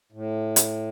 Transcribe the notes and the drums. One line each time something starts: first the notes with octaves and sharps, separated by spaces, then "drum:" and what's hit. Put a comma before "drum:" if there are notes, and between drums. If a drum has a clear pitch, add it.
A2
drum: hi-hat